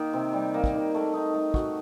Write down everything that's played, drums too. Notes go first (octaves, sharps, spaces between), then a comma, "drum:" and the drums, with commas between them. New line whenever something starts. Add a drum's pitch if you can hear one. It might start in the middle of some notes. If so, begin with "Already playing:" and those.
Already playing: D#3 A#3 D#4
C3
G3
A#3
drum: kick
D#3
A3
D#4
A3
F#4, drum: kick